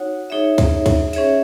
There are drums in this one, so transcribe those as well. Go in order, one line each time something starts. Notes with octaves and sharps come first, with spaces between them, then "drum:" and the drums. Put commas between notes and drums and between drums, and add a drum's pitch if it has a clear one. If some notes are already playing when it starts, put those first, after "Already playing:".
Already playing: D#4 F#4 C#5 F#5
D#4 G#4 C#5 E5
drum: kick, cymbal
drum: kick, cymbal
C#4 G#4 C#5 E5, drum: cymbal